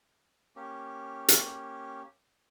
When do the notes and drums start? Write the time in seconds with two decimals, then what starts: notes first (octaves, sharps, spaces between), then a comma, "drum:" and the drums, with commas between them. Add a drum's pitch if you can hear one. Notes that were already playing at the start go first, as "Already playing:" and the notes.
0.56 A#3 C#4 G4
1.28 drum: hi-hat